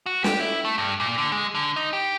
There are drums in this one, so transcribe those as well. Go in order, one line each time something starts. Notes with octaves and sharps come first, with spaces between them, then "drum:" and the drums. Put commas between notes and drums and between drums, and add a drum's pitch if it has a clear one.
F#4
G4, drum: snare
E4
A3
G2
A#2
D3
G#3
D3
D#4
G4